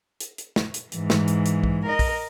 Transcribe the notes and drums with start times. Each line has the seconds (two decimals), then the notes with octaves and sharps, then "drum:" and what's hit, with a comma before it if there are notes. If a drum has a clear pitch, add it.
0.20 drum: hi-hat
0.38 drum: hi-hat
0.56 drum: snare
0.74 drum: hi-hat
0.92 G#2 E3, drum: hi-hat
1.10 drum: snare
1.28 drum: hi-hat
1.46 drum: hi-hat
1.64 drum: kick B1
1.85 A#4 D#5
1.99 drum: kick B1, open hi-hat